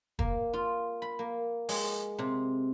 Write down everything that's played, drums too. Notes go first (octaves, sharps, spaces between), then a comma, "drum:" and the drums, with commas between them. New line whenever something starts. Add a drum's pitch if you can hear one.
A#3, drum: kick
F4
B5
A#3
G#3, drum: open hi-hat
C3